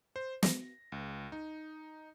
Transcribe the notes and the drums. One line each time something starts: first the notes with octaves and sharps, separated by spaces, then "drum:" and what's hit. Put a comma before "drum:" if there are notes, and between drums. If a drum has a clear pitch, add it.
C5
A#6, drum: snare
C#2
D#4